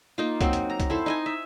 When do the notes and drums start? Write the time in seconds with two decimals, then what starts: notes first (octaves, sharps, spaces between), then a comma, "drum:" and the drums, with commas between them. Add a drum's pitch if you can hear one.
0.18 A#3 D#4 F4
0.41 F#3 A#3 C4 F#5, drum: kick, hi-hat
0.53 drum: hi-hat
0.70 A#5
0.80 drum: kick, hi-hat
0.90 E4 A4 C5
1.06 D#4 D#5 G#5
1.26 E5